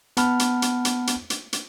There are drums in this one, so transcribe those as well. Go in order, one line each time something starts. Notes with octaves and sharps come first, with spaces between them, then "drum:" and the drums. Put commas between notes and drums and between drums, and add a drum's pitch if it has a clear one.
B3 F#5 A5 B5 F6, drum: hi-hat
drum: hi-hat
drum: hi-hat
drum: hi-hat
drum: hi-hat
drum: hi-hat
drum: hi-hat